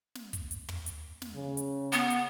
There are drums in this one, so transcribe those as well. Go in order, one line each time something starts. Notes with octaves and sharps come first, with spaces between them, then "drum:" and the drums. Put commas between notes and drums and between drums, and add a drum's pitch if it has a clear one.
drum: snare
drum: kick, hi-hat
drum: hi-hat
drum: tom
drum: hi-hat
drum: snare
C#3
drum: hi-hat
B3, drum: hi-hat
drum: hi-hat